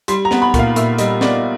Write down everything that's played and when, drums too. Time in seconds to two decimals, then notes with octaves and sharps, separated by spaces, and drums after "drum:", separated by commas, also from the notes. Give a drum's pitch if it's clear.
0.08 G3 C6, drum: hi-hat
0.25 A#5
0.31 B3, drum: snare
0.42 B5
0.54 A#2 F5, drum: kick, hi-hat
0.76 A#2 E5, drum: hi-hat
0.98 G3 D#5, drum: hi-hat
1.21 B3 D5, drum: snare